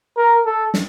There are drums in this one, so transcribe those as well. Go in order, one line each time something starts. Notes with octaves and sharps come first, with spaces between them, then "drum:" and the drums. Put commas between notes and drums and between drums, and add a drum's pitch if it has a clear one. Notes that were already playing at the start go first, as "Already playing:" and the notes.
A#4
A4
drum: snare